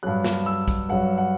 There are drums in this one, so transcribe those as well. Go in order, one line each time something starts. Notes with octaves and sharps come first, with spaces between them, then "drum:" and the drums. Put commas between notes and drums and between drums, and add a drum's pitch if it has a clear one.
G2 F#3 F#6
drum: snare
E6
drum: kick, hi-hat
G2 F#3 F#5
F#5